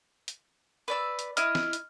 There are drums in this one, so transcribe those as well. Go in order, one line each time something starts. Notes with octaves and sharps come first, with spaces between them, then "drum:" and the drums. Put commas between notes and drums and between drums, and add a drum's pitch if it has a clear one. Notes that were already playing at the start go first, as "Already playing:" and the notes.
drum: hi-hat
B4 D5 E6
drum: hi-hat
E4 D#5 F6, drum: hi-hat
drum: snare
drum: hi-hat